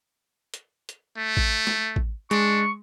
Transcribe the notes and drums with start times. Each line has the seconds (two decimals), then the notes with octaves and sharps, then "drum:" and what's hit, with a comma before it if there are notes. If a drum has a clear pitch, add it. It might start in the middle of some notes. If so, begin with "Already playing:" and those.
0.54 drum: hi-hat
0.89 drum: hi-hat
1.17 A3
1.37 drum: kick A1
1.67 drum: snare
1.96 drum: kick A1
2.31 G#3 D4 C#6, drum: hi-hat